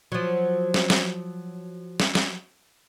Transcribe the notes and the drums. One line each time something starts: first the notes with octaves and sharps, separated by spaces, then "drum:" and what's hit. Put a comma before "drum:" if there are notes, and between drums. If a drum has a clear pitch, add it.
F3 F#3
drum: snare
drum: snare
drum: snare
drum: snare